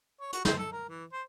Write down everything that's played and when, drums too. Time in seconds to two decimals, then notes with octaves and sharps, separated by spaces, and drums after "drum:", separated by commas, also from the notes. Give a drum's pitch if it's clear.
0.21 C#5
0.33 F#4, drum: hi-hat
0.45 C5, drum: snare
0.58 A4
0.72 A#4
0.89 E3
1.13 C5